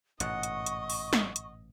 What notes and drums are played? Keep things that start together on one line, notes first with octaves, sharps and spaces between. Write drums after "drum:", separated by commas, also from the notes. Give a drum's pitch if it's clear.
A1 G#2 B2 D#5 F#5 C#6, drum: hi-hat
drum: hi-hat
drum: hi-hat
drum: open hi-hat
drum: snare
drum: hi-hat